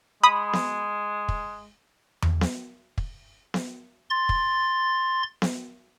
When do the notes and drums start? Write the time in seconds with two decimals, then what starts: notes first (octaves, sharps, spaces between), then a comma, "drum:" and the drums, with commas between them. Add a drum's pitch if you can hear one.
0.24 G#3 B5 D#6
0.53 drum: snare B3
1.29 drum: kick
2.22 drum: tom E2
2.41 drum: snare B3
2.98 drum: kick
3.54 drum: snare B3
4.10 C6 A6
4.29 drum: kick
5.42 drum: snare B3